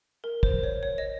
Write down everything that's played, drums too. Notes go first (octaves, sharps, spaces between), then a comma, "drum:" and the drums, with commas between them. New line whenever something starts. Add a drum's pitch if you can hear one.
A#4
C5, drum: kick
C#5
C#5
D#5